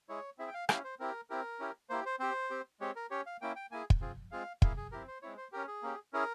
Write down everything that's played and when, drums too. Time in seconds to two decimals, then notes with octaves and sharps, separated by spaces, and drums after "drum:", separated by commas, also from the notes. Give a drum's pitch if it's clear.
0.09 G#3 E4 G#4 C#5
0.39 C4 E4 G#4 E5
0.48 G5
0.54 F5
0.69 C#4 E4 G4 F5, drum: rim click
0.84 C5
1.00 C4 E4 G4 A#4
1.30 C4 E4 G4 A#4
1.60 C#4 E4 G4
1.89 A#3 E4 G4 C5
2.06 C5
2.20 C4 G4 C5
2.50 C4 G4
2.80 G#3 C4 G4 C#5
2.96 A#4
3.11 C#4 G4 C#5
3.26 F5
3.41 A#3 C#4 E4 G5
3.56 G5
3.71 A#3 E4 G#4 G#5
3.90 drum: kick
4.01 C4 F4 G#4
4.31 G#3 C4 F4 G#4 F5
4.62 A#3 E4 G#4 F5, drum: kick
4.77 G#4
4.92 C4 E4 G4 A#4
5.08 C5
5.22 G#3 C4 E4 C#5
5.37 C5
5.52 C#4 G4 A#4
5.67 G#4
5.83 A#3 C#4 G4
6.13 C#4 E4 G#4 A#4